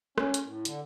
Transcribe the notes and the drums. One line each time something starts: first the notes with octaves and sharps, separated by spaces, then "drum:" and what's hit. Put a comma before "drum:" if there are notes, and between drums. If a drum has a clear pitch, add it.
C#4, drum: rim click
drum: hi-hat
A2
D3, drum: hi-hat